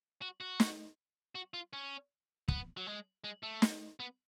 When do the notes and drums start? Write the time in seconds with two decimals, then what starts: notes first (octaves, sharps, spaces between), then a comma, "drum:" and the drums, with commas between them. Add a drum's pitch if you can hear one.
0.22 F#4
0.41 F#4
0.60 drum: snare
1.35 F#4
1.54 F4
1.73 C#4
2.48 B3, drum: kick
2.77 F#3
2.87 G#3
3.24 G#3
3.43 A3
3.62 drum: snare
4.00 B3